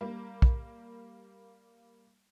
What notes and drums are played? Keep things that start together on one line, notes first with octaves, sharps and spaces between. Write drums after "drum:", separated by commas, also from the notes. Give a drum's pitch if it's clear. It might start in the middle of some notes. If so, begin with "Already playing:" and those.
G3 A#3
drum: kick